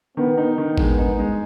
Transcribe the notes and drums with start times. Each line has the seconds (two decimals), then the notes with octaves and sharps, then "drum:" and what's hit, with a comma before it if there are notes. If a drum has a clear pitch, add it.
0.17 D#3 B3
0.38 D#4
0.58 D#3
0.78 G#3 B3, drum: kick
0.98 D#4
1.19 G#3